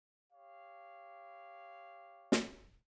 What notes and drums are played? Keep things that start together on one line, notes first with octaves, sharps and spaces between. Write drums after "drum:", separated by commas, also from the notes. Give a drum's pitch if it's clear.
G4 C#5 F5
drum: snare